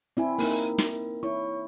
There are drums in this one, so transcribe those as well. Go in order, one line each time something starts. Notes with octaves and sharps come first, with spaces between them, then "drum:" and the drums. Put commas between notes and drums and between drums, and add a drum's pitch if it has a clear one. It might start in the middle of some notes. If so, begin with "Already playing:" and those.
C4 E4 D5 G#5
A#3 D#4 A#4, drum: open hi-hat
drum: snare
E4 C#5 C#6